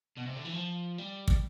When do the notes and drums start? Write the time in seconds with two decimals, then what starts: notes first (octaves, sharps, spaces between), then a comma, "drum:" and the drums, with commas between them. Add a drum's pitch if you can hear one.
0.18 B2
0.27 C3
0.36 D3
0.45 E3
0.53 F3
0.98 G3
1.28 drum: kick